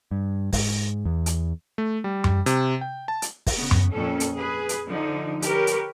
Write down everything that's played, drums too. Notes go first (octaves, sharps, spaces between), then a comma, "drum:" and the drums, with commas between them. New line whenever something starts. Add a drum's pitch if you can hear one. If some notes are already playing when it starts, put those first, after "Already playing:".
G2
G#2, drum: kick, open hi-hat
E2
drum: hi-hat
A3
G3
drum: tom F#2
C3, drum: hi-hat
G5
A5
drum: hi-hat
drum: kick, open hi-hat
C#3 B3
drum: tom F#2
F2 A#2 C#4 A4
drum: hi-hat
G#4 B4
drum: hi-hat
D3 F3 D#4
G4 A#4 B4 C#5, drum: hi-hat
drum: hi-hat